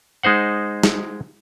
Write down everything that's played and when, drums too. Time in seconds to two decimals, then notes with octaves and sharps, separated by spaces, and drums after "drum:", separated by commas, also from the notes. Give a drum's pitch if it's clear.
0.23 G#3 D#4 C5 F#5
0.83 drum: snare